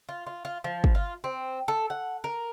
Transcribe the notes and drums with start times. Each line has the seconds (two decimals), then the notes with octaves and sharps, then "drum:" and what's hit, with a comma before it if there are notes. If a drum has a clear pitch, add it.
0.09 F4
0.26 F4
0.45 F4
0.64 F3
0.84 drum: kick
0.95 F4
1.24 C4
1.68 A4
1.90 F#5
2.24 A#4